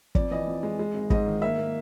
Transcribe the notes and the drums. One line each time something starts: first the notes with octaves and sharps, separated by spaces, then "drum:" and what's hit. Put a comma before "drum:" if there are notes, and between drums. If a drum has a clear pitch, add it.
F2 D5, drum: kick
E3 D#5
F2
G#3
G#3
G#1
G#2 D#5, drum: kick
D#3
A#3 E5
A#3